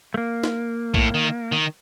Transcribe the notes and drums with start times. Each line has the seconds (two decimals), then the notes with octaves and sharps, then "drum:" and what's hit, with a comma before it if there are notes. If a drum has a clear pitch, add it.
0.14 A3
0.17 A#3
0.44 drum: snare
0.94 A2, drum: kick A#1
1.14 D#3
1.52 D#3